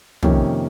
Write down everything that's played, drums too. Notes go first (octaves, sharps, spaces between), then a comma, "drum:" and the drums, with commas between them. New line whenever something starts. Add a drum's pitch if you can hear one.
F2 C3 D#3 A#3 C#4, drum: tom